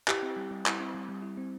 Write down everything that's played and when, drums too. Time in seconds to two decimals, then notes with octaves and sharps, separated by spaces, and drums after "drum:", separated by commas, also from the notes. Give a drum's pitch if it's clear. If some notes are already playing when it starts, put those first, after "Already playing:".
0.08 E4 G4, drum: clap
0.23 C4
0.36 G3
0.51 G3
0.66 E4, drum: clap
0.80 C4
0.95 G3
1.09 G3
1.22 E4
1.37 C4